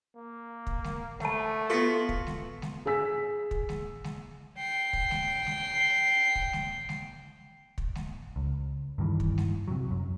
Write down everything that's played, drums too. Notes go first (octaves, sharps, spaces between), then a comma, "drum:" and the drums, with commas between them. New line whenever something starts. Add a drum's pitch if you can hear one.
A#3
drum: kick
drum: snare G#3
A3 F#5 A5, drum: snare G#3
B3 F4 F#4 A4 B6
drum: kick
drum: snare G#3
drum: snare G#3
G#4 G#5 E6 B6
drum: kick
drum: snare G#3
drum: snare G#3
G5 C7
drum: kick
drum: snare G#3
drum: snare G#3
drum: kick
drum: snare G#3
drum: snare G#3
drum: kick
drum: snare G#3
C#2
G2 D#3 E3
drum: kick
drum: snare G#3
C3 F#3
F#2